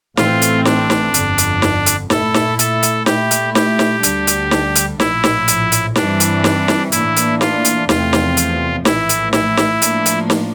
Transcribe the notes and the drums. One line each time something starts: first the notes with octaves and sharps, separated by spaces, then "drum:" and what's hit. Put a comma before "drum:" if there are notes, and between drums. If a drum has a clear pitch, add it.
A1 A2 E3 A3 C4 F4, drum: snare
drum: hi-hat
D4, drum: snare
drum: snare
G1 F2 D3, drum: hi-hat
drum: hi-hat
drum: snare
drum: hi-hat
A#2 A3 E4 A4, drum: snare
drum: snare
A4, drum: hi-hat
drum: hi-hat
A#2 A3 E4 G4, drum: snare
drum: hi-hat
G4, drum: snare
drum: snare
D2 D3 G3 D4, drum: hi-hat
drum: hi-hat
drum: snare
drum: hi-hat
A#1 A2 F3 E4, drum: snare
drum: snare
drum: hi-hat
drum: hi-hat
G2 E3 G3 C4 D4, drum: snare
drum: hi-hat
drum: snare
drum: snare
A2 E3 A#3 D4 E4, drum: hi-hat
drum: hi-hat
F4, drum: snare
drum: hi-hat
E2 C3 F3 A3 C4 F4, drum: snare
drum: snare
drum: hi-hat
A#1 A2 E3 E4, drum: snare
drum: hi-hat
E4, drum: snare
drum: snare
A2 F3 A#3 D4, drum: hi-hat
drum: hi-hat
drum: snare